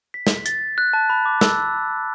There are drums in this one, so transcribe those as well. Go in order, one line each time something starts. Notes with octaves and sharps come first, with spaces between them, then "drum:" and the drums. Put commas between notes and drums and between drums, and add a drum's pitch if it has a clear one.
B6
drum: snare
A6, drum: hi-hat
F#6
A5
B5
D6
E6, drum: snare